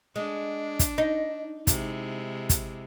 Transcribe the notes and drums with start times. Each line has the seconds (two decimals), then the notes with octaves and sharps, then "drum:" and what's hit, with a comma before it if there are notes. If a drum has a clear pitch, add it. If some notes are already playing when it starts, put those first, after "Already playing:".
0.16 G#3 D4
0.79 drum: kick, hi-hat
0.98 D#4
1.67 C3 G#3 E4, drum: kick, hi-hat
2.49 drum: kick, hi-hat